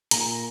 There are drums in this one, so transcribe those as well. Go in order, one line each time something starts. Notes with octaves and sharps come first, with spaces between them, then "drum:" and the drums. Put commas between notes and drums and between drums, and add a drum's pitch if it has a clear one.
A#2 A#5, drum: hi-hat